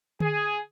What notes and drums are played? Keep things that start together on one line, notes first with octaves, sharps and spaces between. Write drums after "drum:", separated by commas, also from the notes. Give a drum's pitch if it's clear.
G#4, drum: tom D3